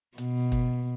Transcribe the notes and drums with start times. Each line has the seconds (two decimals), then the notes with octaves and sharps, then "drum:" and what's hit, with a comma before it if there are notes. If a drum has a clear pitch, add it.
0.18 B2, drum: hi-hat
0.52 drum: kick F#1, hi-hat